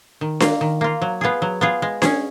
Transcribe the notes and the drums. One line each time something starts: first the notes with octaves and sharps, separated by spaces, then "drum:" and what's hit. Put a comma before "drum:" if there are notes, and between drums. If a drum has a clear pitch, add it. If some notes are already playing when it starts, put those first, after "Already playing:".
D#3
A#3 F4, drum: snare D4
D#3
A#3 F4
F#3
B3 F4 G#4
F#3
B3 F4 G#4
G#3
C#4 G#4, drum: snare D4